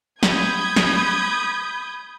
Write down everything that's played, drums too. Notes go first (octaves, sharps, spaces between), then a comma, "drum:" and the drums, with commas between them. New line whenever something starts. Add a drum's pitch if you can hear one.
B5 D#6 G6 G#6, drum: snare
drum: snare